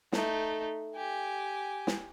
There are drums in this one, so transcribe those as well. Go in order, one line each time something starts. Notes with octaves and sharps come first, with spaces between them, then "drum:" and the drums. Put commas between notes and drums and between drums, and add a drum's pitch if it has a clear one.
A3 D#4, drum: snare
G4 G#5
drum: snare